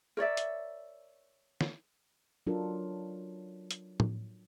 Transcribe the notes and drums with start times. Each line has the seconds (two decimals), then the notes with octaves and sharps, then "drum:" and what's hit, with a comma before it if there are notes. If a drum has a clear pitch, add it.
0.17 A#4 C#5 D5 E5
0.37 drum: hi-hat
1.61 drum: snare
2.47 F#3 D4 F4 A4 A#4
3.71 drum: hi-hat
4.00 drum: tom A2